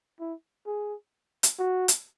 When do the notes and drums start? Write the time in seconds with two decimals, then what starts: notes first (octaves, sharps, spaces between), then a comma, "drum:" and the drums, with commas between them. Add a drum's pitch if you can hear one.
0.20 E4
0.67 G#4
1.43 drum: hi-hat
1.59 F#4
1.88 drum: hi-hat